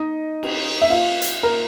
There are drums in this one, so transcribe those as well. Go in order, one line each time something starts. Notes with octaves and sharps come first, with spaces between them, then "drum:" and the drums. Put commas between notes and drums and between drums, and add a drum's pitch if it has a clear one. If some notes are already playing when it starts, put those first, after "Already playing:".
Already playing: D#4 D#5
drum: cymbal
E5
F4 F5
drum: hi-hat
A#4 A#5